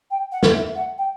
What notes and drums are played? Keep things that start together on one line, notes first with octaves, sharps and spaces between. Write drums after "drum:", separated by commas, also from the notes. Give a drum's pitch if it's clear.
G5
F#5
drum: snare
E5
F#5
G5